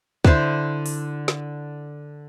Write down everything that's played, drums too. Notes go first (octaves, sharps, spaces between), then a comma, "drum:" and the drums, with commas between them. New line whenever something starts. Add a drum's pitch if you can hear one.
D3 D4 E4 C5, drum: kick
drum: open hi-hat
drum: snare